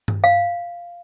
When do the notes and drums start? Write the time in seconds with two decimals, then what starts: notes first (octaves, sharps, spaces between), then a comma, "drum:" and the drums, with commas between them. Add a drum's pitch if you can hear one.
0.08 drum: tom G2
0.24 F5